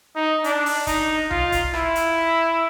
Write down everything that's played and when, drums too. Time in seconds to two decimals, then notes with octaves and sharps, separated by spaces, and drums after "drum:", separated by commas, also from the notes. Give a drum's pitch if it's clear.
0.16 D#4
0.44 D4, drum: hi-hat
0.66 drum: open hi-hat
0.87 D#4, drum: kick, hi-hat
1.31 F4, drum: tom C2
1.52 drum: kick, hi-hat
1.74 E4, drum: rim click
1.95 drum: hi-hat